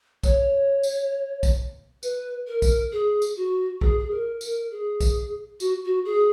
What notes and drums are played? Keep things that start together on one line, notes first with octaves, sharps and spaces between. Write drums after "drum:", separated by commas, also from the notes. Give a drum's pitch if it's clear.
C#5, drum: kick B1, tambourine
drum: tambourine
drum: kick B1, tambourine
B4, drum: tambourine
A#4
drum: kick B1, tambourine
G#4
drum: tambourine
F#4
G#4, drum: kick B1
G#4
A#4
A#4, drum: tambourine
G#4
drum: kick B1, tambourine
F#4, drum: tambourine
F#4
G#4